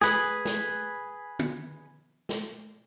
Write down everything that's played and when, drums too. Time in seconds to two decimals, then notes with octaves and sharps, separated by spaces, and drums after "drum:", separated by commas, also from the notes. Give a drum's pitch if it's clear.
0.01 G#4 B4, drum: snare
0.45 drum: snare
1.39 drum: tom
2.29 drum: snare